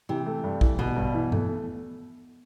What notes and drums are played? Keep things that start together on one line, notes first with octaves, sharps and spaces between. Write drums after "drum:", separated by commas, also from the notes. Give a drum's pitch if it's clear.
C3 E3
A3
G2
E3, drum: kick
G1 B2
G2
E3
A3, drum: tom G2